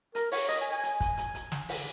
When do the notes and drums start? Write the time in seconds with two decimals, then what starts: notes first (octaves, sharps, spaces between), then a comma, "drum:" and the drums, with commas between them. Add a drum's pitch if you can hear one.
0.15 A#4, drum: hi-hat
0.32 C#5, drum: open hi-hat
0.49 D#5, drum: hi-hat
0.61 G#5
0.72 G#5
0.83 drum: hi-hat
1.00 drum: kick, hi-hat
1.17 drum: hi-hat
1.35 drum: hi-hat
1.52 drum: snare
1.69 drum: open hi-hat